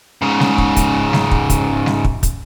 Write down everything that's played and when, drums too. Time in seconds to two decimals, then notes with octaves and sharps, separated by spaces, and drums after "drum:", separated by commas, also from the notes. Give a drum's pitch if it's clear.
0.22 G#2 C#3
0.40 drum: snare G3
0.58 drum: kick
0.76 drum: kick, hi-hat
1.13 drum: snare G3
1.31 drum: kick
1.50 drum: kick, hi-hat
1.86 drum: snare G3
2.04 drum: kick
2.23 drum: kick, hi-hat